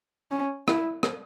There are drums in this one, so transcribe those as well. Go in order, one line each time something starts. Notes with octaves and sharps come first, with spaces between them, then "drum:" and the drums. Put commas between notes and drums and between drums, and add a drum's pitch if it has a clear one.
C#4
E4, drum: rim click
drum: rim click